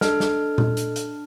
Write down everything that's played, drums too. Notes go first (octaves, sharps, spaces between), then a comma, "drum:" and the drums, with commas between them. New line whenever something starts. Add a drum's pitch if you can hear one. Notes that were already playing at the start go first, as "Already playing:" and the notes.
D4 A4 D#5 F6, drum: snare
drum: snare
drum: tom A#2
drum: hi-hat
drum: hi-hat